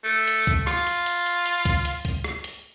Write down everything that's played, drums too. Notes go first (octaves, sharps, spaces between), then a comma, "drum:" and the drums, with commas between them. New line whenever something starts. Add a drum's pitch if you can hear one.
A3
drum: hi-hat
drum: kick
F4, drum: rim click
drum: hi-hat
drum: hi-hat
drum: hi-hat
drum: hi-hat
drum: kick, hi-hat
drum: hi-hat
drum: kick, hi-hat
drum: rim click
drum: hi-hat